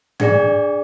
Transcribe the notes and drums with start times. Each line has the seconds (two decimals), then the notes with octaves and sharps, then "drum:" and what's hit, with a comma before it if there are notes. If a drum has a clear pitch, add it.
0.20 D4 G#4 D5, drum: tom G#2